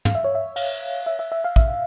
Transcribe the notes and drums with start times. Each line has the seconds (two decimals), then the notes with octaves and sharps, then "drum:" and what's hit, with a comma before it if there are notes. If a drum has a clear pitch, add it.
0.05 F5, drum: tom
0.15 E5
0.24 C#5
0.35 E5
0.56 F5, drum: cymbal
1.06 E5
1.19 E5
1.32 E5
1.44 F5
1.56 E5, drum: kick